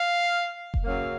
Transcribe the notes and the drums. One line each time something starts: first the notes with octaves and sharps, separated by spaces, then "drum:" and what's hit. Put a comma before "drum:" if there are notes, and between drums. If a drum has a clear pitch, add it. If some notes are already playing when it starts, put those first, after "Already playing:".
Already playing: F5
drum: kick F1
F#2 C#3 F#3 A#3 F5